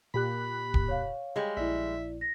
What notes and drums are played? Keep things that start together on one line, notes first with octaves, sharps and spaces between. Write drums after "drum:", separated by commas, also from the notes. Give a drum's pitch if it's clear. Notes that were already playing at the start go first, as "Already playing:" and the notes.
A#2 G4 B5 F#6
drum: kick
C#5 F5
G3 G#3
A#1 E4 D5 E5
A#6